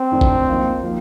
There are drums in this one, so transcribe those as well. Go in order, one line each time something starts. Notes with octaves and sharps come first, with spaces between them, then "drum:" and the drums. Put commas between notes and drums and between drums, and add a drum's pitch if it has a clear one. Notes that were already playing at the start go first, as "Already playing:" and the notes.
Already playing: C4
F2 D#3 A3 D4
drum: kick
F3 A#3 D#4
F3 A#3